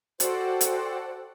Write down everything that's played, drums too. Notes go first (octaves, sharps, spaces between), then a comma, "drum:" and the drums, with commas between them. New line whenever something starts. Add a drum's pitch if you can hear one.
F#4 A4 C5 D5 F#5 G5, drum: hi-hat
drum: hi-hat